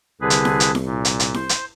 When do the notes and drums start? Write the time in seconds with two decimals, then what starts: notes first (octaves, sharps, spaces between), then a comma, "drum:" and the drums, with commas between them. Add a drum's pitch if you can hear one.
0.21 C2 D3 G#4 B4
0.30 drum: hi-hat
0.45 drum: snare E4
0.60 drum: hi-hat
0.75 drum: snare E4
0.86 A#2
1.05 drum: hi-hat
1.20 drum: hi-hat
1.34 C5, drum: snare E4
1.49 drum: hi-hat